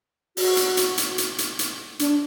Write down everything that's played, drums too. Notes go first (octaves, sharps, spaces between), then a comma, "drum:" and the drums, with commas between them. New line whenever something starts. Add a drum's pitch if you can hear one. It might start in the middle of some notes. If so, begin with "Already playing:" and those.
F#4, drum: open hi-hat
drum: hi-hat
drum: hi-hat
drum: hi-hat
drum: hi-hat
drum: hi-hat
drum: hi-hat
D4, drum: hi-hat